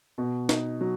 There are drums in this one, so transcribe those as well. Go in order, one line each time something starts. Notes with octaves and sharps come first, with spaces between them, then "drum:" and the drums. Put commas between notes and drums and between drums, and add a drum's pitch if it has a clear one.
B2
D#4, drum: snare
F#3